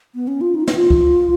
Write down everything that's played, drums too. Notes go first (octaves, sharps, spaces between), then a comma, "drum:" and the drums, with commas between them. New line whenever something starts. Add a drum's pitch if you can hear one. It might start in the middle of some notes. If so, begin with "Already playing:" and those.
B3
C#4
F4
D#4
D#4, drum: snare
F4
drum: kick C#2